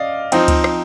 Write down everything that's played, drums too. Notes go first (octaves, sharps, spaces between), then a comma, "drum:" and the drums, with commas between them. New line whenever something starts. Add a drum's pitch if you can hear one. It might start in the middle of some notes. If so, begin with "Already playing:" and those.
Already playing: D5 D#5 F5
F3 C4 D#4, drum: cymbal
drum: kick D2, cymbal
drum: rim click